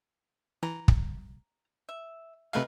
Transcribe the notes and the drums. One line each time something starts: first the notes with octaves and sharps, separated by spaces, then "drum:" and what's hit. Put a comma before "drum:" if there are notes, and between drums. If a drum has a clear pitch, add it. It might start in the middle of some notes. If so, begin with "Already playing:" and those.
E3 A#5
drum: kick
E5
C3 G#3 A3 A#4 B4 F5